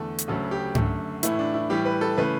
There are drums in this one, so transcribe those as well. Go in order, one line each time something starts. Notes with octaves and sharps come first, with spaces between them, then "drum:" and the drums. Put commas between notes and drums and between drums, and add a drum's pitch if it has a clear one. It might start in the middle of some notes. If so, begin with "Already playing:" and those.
Already playing: E2 D3 A3 A4
drum: hi-hat
D2 C#3 F#3 A3 A4
G4
F#2 D3 A3, drum: tom G#2
A2 E3 A3 E4, drum: hi-hat
D4
E4
A2 E3 G3 G4
B4
A4
C#3 E3 A3 B4